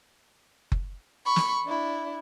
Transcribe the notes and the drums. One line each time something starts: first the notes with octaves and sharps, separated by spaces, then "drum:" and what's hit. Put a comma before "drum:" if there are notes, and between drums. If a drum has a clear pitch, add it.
drum: kick F#1
B5 C#6
drum: snare
D4 E4